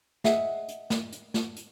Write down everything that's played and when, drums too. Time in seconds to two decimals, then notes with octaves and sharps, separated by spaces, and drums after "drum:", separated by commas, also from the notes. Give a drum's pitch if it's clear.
0.24 G#4 D#5 E5 F#5, drum: snare
0.68 drum: hi-hat
0.90 drum: snare
1.12 drum: hi-hat
1.34 drum: snare
1.56 drum: hi-hat